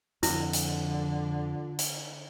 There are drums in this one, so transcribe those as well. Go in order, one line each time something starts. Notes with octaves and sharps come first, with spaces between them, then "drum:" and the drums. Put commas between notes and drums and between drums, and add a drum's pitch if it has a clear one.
F2 D3 F3 E4, drum: hi-hat
drum: hi-hat
drum: hi-hat